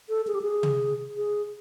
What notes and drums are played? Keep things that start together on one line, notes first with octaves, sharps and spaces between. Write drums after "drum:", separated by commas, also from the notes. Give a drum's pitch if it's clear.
A4
G#4
G4
G#4
drum: tom
G#4